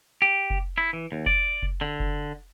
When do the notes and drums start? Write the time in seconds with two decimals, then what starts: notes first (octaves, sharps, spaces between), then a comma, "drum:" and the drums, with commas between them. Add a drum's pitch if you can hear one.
0.22 G4
0.50 drum: kick F1
0.78 E4
0.93 E3
1.12 D#2
1.26 D5, drum: kick F1
1.63 drum: kick F1
1.81 D3
2.00 drum: kick F1